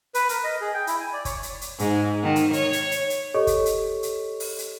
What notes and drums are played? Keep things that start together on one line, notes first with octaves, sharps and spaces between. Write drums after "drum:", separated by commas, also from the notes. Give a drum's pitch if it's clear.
B4, drum: hi-hat
A#4, drum: hi-hat
D#5
G#4
G5
E4, drum: hi-hat
G#5
D5
C#5, drum: kick F#1, hi-hat
drum: hi-hat
drum: hi-hat
G#2, drum: hi-hat
D#3
drum: hi-hat
C#5, drum: hi-hat
drum: hi-hat
drum: hi-hat
drum: hi-hat
G4 A4 C#5 D#5 C#6
drum: kick F#1, hi-hat
drum: hi-hat
drum: hi-hat
drum: open hi-hat
drum: hi-hat